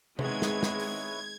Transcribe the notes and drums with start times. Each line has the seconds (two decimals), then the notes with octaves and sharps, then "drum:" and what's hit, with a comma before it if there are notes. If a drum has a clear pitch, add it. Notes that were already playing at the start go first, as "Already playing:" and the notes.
0.19 D#3 G#3 B3 C4 E4 B4 C#5 G#6, drum: tom C3
0.42 drum: snare
0.63 drum: snare
0.79 drum: open hi-hat